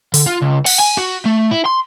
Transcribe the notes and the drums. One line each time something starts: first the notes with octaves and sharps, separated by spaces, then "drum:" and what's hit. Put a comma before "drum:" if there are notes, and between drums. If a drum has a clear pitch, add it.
D3, drum: open hi-hat
F4
C#2
F#5, drum: cymbal
G#5
F#4
A3
E4
C6